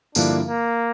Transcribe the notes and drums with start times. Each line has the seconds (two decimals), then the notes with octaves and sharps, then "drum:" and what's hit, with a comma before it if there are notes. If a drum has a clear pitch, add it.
0.15 G2 D3 F3 A#3 D4 E4, drum: tambourine
0.48 A#3